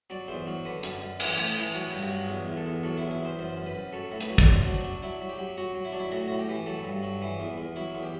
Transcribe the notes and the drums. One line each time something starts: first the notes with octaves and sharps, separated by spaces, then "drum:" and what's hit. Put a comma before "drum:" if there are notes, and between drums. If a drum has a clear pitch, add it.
F#3 D5
E2 C5
F#3
D3 B4
F#2, drum: hi-hat
F#2
E3, drum: cymbal
A2
E3
F#3
G2
F#4
F#3
E2
E2
A4
E2
F#3 A4
E4
E2
E4
E2 C5
F#2 C5
F#2
B4
F#2
F#3 A4
A2
B4, drum: hi-hat
F#3
D5, drum: kick
F#2 C5
F#3 D4
F#3 D4
F#3 E4
F#3
G4
F#3
F#3 F#4
F#3
E4
F#3 D4
E4
A2 F#4
A2 F#4
G4
E3
F#3 A4
G2
F#3
E3
E2
E2
F#3 E4
E2
G4